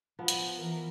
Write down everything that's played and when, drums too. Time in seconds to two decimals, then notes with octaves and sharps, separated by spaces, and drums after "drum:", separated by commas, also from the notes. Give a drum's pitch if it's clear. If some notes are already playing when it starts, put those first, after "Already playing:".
0.19 F3 B3
0.28 drum: hi-hat
0.56 E3 A#4